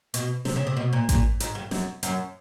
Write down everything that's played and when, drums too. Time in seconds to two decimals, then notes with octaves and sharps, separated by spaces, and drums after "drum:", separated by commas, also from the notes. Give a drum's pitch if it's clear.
0.14 B2, drum: hi-hat
0.45 C3, drum: snare
0.56 C#3
0.67 C3
0.77 B2
0.93 A#2
1.09 A#2, drum: kick A1, hi-hat
1.40 G#2, drum: hi-hat
1.55 G2
1.71 F#2, drum: snare
2.03 F#2, drum: hi-hat